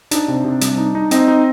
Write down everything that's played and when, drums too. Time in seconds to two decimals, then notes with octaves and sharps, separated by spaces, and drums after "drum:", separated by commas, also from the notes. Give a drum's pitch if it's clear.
0.11 D4 D#4 D5, drum: hi-hat
0.28 C3
0.45 C3
0.61 G3, drum: hi-hat
0.78 D#4
0.95 D#4
1.11 C4 D#4 D#5, drum: hi-hat
1.28 D#4